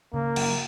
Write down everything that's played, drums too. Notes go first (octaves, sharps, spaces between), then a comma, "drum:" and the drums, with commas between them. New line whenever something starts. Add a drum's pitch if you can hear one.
C#3 A#3
F#3, drum: cymbal